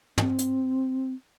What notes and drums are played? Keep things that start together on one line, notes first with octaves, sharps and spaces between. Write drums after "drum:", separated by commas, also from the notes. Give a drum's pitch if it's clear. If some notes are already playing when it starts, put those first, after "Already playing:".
C4, drum: tom
drum: hi-hat